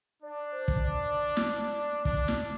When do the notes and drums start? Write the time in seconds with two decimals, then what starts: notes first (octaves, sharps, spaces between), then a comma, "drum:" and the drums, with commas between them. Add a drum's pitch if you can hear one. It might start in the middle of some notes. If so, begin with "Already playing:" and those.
0.22 D4 D5
0.52 C5
0.68 drum: kick
0.83 D5
1.37 drum: snare
2.05 D4, drum: kick
2.28 drum: snare